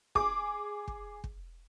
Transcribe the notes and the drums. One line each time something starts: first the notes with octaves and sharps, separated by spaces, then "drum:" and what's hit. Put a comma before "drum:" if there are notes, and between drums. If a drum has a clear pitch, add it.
G#4 D6, drum: kick
drum: kick
drum: kick